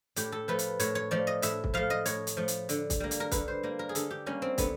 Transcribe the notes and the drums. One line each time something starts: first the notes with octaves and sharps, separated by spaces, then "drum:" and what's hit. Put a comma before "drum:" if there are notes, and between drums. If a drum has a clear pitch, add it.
A2 G4, drum: hi-hat
A4
F3 A3 B4
drum: hi-hat
A2 C#5, drum: hi-hat
C#5
F3 A3 D5
D#5
A2 E5, drum: hi-hat
drum: kick
F3 A3 F5
D#5
A2 C#5, drum: hi-hat
drum: hi-hat
F3 A3
drum: hi-hat
D3, drum: hi-hat
drum: kick, hi-hat
G3 A#3
drum: hi-hat
A#4
D3 B4, drum: kick, hi-hat
C5
G3 A#3
A#4
G#4
D3 A4, drum: hi-hat
G4
G3 A#3 C#4
C4
D3 B3, drum: kick, hi-hat